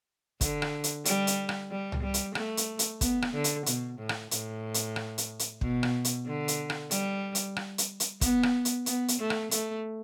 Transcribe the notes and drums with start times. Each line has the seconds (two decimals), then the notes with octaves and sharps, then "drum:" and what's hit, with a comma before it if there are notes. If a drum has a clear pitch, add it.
0.41 D3, drum: kick, hi-hat
0.62 drum: rim click
0.84 drum: hi-hat
1.05 G3, drum: hi-hat
1.27 drum: hi-hat
1.49 drum: rim click
1.71 G3
1.92 drum: tom C2
2.02 G3
2.14 drum: hi-hat
2.35 A3, drum: rim click
2.57 drum: hi-hat
2.79 drum: hi-hat
3.01 B3, drum: kick, hi-hat
3.22 drum: rim click
3.33 D3
3.44 drum: hi-hat
3.66 B2, drum: hi-hat
3.98 A2
4.09 drum: rim click
4.31 A2, drum: hi-hat
4.74 drum: hi-hat
4.96 drum: rim click
5.18 drum: hi-hat
5.39 drum: hi-hat
5.61 B2, drum: kick
5.83 drum: rim click
6.05 drum: hi-hat
6.26 D3
6.48 drum: hi-hat
6.70 drum: rim click
6.91 G3, drum: hi-hat
7.35 drum: hi-hat
7.56 drum: rim click
7.78 drum: hi-hat
8.00 drum: hi-hat
8.21 B3, drum: kick, hi-hat
8.43 drum: rim click
8.65 drum: hi-hat
8.86 B3, drum: hi-hat
9.08 drum: hi-hat
9.20 A3
9.30 drum: rim click
9.51 A3, drum: hi-hat